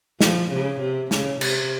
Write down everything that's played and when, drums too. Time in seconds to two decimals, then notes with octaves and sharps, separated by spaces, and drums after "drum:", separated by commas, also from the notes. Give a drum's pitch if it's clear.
0.21 F3, drum: snare
0.51 C#3
0.81 C3
1.11 C#3, drum: snare
1.41 C3, drum: cymbal